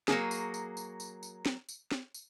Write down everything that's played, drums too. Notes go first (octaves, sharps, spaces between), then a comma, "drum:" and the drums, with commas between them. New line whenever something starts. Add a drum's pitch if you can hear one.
F#3 A#3 G#4, drum: snare
drum: tambourine
drum: tambourine
drum: tambourine
drum: tambourine
drum: tambourine
drum: snare
drum: tambourine
drum: snare
drum: tambourine